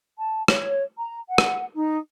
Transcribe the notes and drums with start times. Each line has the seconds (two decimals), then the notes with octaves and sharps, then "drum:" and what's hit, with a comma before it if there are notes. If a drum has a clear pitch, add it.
0.18 A5
0.48 C#5, drum: rim click
0.97 A#5
1.29 F#5
1.38 drum: rim click
1.75 D#4